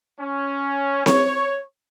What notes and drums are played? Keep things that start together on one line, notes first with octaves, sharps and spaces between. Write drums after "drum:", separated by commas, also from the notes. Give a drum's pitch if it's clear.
C#4
C#5, drum: snare C4